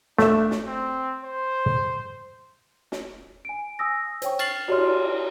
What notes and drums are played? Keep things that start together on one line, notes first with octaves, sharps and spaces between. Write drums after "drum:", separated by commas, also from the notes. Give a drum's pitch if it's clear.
A3 D4 E5, drum: snare
drum: snare
C4
C5
drum: snare
G#5 D7
G#5 D#6 E6 A#6
C5 C#5 G5 C#6, drum: hi-hat
F6 A6 C7 F#7, drum: cymbal
F#4 G4 C#5 D5 C6 F6, drum: cymbal